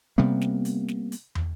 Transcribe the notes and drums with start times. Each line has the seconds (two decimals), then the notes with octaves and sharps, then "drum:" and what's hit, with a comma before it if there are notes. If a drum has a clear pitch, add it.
0.18 C3 G3 A#3 B3
0.41 drum: snare
0.65 drum: hi-hat
0.88 drum: snare
1.12 drum: hi-hat
1.35 drum: tom